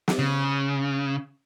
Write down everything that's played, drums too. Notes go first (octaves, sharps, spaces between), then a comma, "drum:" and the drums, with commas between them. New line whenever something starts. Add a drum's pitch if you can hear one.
drum: snare
C#3